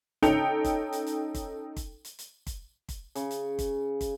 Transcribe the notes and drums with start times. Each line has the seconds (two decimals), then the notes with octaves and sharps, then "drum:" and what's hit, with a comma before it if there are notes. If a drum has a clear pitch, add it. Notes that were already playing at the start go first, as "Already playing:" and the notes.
0.22 C#4 D#4 A4 G5 C#7 F7, drum: kick, hi-hat
0.64 drum: kick, hi-hat
0.92 drum: hi-hat
1.07 drum: hi-hat
1.35 drum: kick, hi-hat
1.77 drum: kick, hi-hat
2.05 drum: hi-hat
2.19 drum: hi-hat
2.47 drum: kick, hi-hat
2.89 drum: kick, hi-hat
3.15 C#3, drum: hi-hat
3.31 drum: hi-hat
3.59 drum: kick, hi-hat
4.01 drum: kick, hi-hat